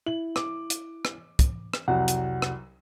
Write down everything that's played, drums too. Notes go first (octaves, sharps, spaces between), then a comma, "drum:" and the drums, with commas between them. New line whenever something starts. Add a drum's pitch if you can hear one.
E4 F#7
D6, drum: rim click
drum: hi-hat
drum: rim click
drum: kick, hi-hat
drum: rim click
C2 F2 F#3 F#5
drum: hi-hat
drum: rim click